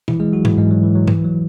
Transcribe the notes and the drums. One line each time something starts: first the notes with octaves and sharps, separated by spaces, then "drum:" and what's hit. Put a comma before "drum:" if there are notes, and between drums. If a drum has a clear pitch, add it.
E3 E4, drum: tom
G#3 G#4
F#3 F#4
E3 E4, drum: tom G#2
G#2 G#3
F#3
E3
F#3
E3, drum: tom G#2
F#3